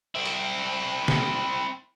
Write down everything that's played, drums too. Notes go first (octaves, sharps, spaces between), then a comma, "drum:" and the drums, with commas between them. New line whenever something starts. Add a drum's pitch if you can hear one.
C4 E4
drum: hi-hat
drum: snare